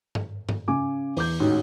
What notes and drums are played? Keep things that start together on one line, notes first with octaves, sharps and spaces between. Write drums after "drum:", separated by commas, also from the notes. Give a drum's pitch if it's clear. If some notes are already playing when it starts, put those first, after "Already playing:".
drum: tom G2
drum: tom G2
C#3 G#5 D6
E2 D6 G6, drum: open hi-hat
A1 G#2 D#3 F#4 C#5